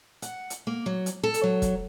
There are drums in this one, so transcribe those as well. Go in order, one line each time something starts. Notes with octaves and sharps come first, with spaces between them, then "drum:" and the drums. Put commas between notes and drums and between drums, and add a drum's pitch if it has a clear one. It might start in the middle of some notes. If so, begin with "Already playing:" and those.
F#5, drum: hi-hat
drum: hi-hat
A#3
F#3
drum: hi-hat
A4
drum: hi-hat
F#3
drum: kick, hi-hat